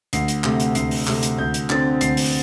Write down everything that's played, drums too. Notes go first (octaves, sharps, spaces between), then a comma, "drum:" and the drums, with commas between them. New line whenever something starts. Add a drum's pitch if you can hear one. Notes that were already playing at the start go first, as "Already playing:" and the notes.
D2 C7, drum: hi-hat
drum: hi-hat
C3 A3, drum: clap
drum: hi-hat
D2 C7, drum: hi-hat
drum: open hi-hat
C3 A3, drum: clap
drum: hi-hat
D2 G6
drum: hi-hat
D3 C4 A6, drum: clap
D2 C7, drum: hi-hat
drum: open hi-hat